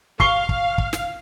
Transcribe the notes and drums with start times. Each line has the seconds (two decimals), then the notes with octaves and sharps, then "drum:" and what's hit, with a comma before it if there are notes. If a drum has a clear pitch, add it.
0.20 F5 C#6 C7 G7, drum: kick
0.49 drum: kick
0.78 drum: kick
0.93 drum: snare